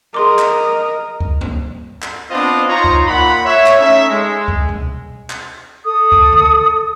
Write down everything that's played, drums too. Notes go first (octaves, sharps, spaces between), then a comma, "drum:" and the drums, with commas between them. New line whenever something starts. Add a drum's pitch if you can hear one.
G#4 A#4 D#5 C6 D6
drum: clap
drum: kick C#2
drum: tom
drum: clap
B3 C4 D4 F4 C5 D#5
D#4 F4 C5 C#5 A#5
drum: kick C#2
A#2 F4 F#5 B5
C#5 E5
drum: clap
A3 C#4 D#4 E5
G#3
drum: kick C#2
drum: tom B2
drum: clap
A4 D#6
drum: kick C#2
drum: tom D3